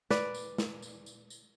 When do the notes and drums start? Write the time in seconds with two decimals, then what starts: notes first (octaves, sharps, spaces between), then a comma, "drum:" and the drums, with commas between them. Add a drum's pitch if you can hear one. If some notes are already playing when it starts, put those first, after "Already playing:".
0.11 B4 D5, drum: snare
0.34 drum: tambourine
0.58 drum: snare
0.82 drum: tambourine
1.06 drum: tambourine
1.30 drum: tambourine